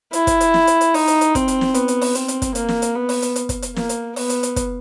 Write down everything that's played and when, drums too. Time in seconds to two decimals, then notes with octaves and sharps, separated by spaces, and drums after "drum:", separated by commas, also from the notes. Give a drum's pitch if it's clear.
0.13 E4, drum: hi-hat
0.27 drum: kick, hi-hat
0.40 drum: hi-hat
0.54 drum: snare
0.67 drum: hi-hat
0.81 drum: hi-hat
0.94 D#4, drum: open hi-hat
1.08 drum: hi-hat
1.21 drum: hi-hat
1.35 C4, drum: kick, hi-hat
1.48 drum: hi-hat
1.61 drum: snare
1.74 B3, drum: hi-hat
1.88 drum: hi-hat
2.01 drum: open hi-hat
2.15 C4, drum: hi-hat
2.28 drum: hi-hat
2.42 drum: kick, hi-hat
2.55 A#3, drum: hi-hat
2.69 drum: snare
2.82 drum: hi-hat
2.95 B3
3.09 drum: open hi-hat
3.22 drum: hi-hat
3.36 drum: hi-hat
3.49 drum: kick, hi-hat
3.62 drum: hi-hat
3.76 A#3, drum: snare
3.89 drum: hi-hat
4.16 B3, drum: open hi-hat
4.30 drum: hi-hat
4.43 drum: hi-hat
4.56 drum: kick, hi-hat